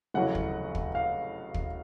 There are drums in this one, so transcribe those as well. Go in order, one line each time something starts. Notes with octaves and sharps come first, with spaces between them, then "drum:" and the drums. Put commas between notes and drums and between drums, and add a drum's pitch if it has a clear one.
F1 E2 C#3 F#3 F#5
drum: kick
drum: kick
F5
drum: kick